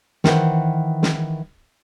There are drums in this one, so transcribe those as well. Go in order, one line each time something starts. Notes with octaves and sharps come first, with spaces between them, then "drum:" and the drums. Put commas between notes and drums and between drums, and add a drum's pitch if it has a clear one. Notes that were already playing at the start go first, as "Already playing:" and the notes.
D#3 E3 C5 F#5, drum: snare
drum: snare